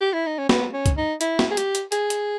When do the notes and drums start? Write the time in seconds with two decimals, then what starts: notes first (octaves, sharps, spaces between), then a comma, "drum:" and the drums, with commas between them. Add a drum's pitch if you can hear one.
0.01 G4
0.14 E4
0.26 D#4
0.38 C#4
0.49 B3, drum: snare
0.73 C#4
0.86 drum: kick, hi-hat
0.97 D#4
1.21 E4, drum: hi-hat
1.39 drum: snare
1.51 G#4
1.57 G4, drum: hi-hat
1.75 drum: hi-hat
1.92 G#4, drum: hi-hat
2.10 drum: hi-hat